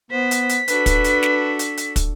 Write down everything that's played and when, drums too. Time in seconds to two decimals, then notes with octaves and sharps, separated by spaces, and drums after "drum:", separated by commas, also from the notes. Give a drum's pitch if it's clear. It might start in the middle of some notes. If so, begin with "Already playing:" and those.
0.11 B3 C5 B6
0.31 drum: hi-hat
0.49 drum: hi-hat
0.68 D4 F#4 A4 B4, drum: hi-hat
0.86 drum: kick, hi-hat
1.04 drum: hi-hat
1.23 drum: snare
1.59 drum: hi-hat
1.77 drum: hi-hat
1.96 drum: kick, hi-hat